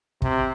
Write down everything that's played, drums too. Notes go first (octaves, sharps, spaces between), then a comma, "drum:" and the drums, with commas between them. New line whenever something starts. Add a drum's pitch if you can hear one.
C3, drum: kick